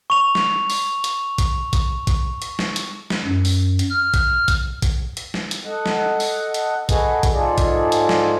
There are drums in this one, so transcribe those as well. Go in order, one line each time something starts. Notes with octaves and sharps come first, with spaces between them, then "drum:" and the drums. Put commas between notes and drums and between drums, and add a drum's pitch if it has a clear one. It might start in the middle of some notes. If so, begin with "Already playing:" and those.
C#6 F7
drum: snare
drum: open hi-hat
drum: hi-hat
drum: kick, hi-hat
drum: kick, hi-hat
drum: kick, hi-hat
drum: hi-hat
drum: snare
drum: hi-hat
drum: snare
F#2
drum: open hi-hat
drum: hi-hat
F6
drum: kick, hi-hat
drum: kick, hi-hat
drum: kick, hi-hat
drum: hi-hat
drum: snare
drum: hi-hat
A4 D#5 F#5
drum: snare
drum: open hi-hat
drum: hi-hat
F#4 G#4 A4 B4 D#5, drum: kick, hi-hat
drum: kick, hi-hat
G#2 D#4 F4 G#4 A4 D5
drum: kick, hi-hat
drum: hi-hat
drum: snare